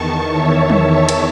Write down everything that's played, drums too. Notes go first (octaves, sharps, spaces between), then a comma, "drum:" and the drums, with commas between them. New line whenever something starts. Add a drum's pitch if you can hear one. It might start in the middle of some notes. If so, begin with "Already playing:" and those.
Already playing: E2 D#3 A5 C#6
C#5 E5
drum: tom
drum: cymbal